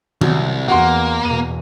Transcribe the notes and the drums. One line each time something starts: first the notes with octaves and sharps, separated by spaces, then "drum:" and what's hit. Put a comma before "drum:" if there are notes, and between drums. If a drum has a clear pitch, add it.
C2 F#3, drum: tom D#3
E2 A#3 F#4 F#5 C6
E2 B2 D#7